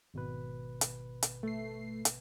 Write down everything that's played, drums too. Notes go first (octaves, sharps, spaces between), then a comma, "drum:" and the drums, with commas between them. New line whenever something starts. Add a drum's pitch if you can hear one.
G#1 B2 B4
drum: hi-hat
drum: hi-hat
A3 C7
drum: hi-hat